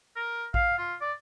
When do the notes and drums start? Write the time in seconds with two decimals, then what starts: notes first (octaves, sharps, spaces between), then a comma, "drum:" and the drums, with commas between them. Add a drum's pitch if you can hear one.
0.16 A#4
0.54 F5, drum: kick A1
0.78 F4
1.01 D5